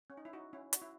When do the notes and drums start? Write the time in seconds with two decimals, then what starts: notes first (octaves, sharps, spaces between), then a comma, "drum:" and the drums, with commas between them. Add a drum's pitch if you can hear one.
0.10 C#4
0.17 D#4
0.25 E4
0.33 D#4 F#4
0.53 C#4 E4
0.73 F#4, drum: hi-hat
0.82 E4